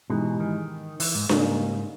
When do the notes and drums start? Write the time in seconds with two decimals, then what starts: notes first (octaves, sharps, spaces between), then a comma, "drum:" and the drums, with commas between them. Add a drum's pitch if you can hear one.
0.10 G#2 B2 E3 G#3 D#4 G4
0.40 D#3
1.00 E3, drum: open hi-hat
1.15 G#2
1.29 G#2 C#3 G3 A#3 D#4, drum: snare D4